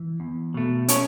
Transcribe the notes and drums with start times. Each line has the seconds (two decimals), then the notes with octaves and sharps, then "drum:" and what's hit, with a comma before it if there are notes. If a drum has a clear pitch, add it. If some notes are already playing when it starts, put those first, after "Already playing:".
Already playing: E3
0.20 E2
0.54 B2 A3
0.88 C#4 C#5, drum: hi-hat